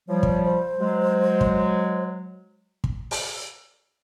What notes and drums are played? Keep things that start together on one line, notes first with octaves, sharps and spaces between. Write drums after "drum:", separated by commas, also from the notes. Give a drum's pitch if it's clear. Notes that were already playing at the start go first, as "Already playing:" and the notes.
F3 G3 C#5
drum: kick
C5
F#3 G#3
drum: kick
drum: kick
drum: open hi-hat